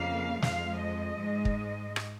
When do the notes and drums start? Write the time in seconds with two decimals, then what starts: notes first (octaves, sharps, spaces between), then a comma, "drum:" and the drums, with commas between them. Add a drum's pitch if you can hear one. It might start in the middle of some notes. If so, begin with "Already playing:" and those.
Already playing: F2 C#3 A#3 F5
0.42 F2 F3 G#3 F5, drum: snare
0.79 D#5
1.17 G#2 G#3
1.45 drum: kick
1.96 drum: rim click